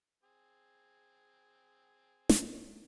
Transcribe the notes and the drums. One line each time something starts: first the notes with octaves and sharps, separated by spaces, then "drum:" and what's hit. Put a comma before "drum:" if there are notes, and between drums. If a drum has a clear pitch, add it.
C4 G#4
drum: snare